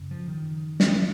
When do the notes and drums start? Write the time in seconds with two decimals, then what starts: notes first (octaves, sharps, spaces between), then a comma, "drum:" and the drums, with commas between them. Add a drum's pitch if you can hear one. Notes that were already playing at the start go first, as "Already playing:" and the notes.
Already playing: F#2 C#3
0.11 F3
0.28 D#3
0.80 drum: snare